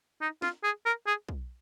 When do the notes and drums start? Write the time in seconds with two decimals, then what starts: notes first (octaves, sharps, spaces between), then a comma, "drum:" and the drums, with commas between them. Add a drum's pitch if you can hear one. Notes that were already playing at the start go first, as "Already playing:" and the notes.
0.21 D#4
0.42 F4, drum: snare
0.64 G#4
0.86 A#4
1.07 G#4
1.29 drum: kick